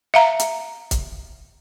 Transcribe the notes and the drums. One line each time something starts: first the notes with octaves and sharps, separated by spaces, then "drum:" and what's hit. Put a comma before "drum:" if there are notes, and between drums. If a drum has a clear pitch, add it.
E5 F5 A#5
drum: hi-hat
drum: kick, hi-hat